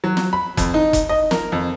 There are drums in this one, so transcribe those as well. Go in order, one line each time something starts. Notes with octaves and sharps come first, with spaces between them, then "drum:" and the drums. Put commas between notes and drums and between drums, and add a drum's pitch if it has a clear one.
F#3
drum: snare
B5
F2, drum: kick F1, hi-hat
D#4
drum: kick F1, hi-hat
D#5
A#4, drum: snare
F2